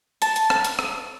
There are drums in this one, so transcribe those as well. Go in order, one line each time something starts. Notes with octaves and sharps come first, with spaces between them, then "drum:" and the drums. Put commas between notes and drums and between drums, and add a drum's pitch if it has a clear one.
A5, drum: hi-hat
drum: hi-hat
drum: rim click
drum: hi-hat
drum: rim click